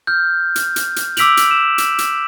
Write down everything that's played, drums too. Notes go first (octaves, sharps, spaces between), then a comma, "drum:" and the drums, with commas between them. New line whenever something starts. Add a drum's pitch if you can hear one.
F6 G6
drum: hi-hat
drum: hi-hat
drum: hi-hat
D6 E6 B6 D7 F7 F#7, drum: hi-hat
drum: hi-hat
E7
drum: hi-hat
drum: hi-hat